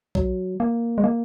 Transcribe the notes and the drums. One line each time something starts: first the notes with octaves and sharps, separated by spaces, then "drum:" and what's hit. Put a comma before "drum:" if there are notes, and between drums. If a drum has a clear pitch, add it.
F#3, drum: kick B1
A#3
G#3
A#3